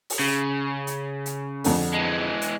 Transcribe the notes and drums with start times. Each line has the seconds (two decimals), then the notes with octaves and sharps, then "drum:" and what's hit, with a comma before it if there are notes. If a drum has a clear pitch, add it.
0.10 drum: open hi-hat
0.19 C#3
0.87 drum: hi-hat
1.26 drum: hi-hat
1.64 F2 D3, drum: open hi-hat
1.93 E3 G#3
2.42 drum: hi-hat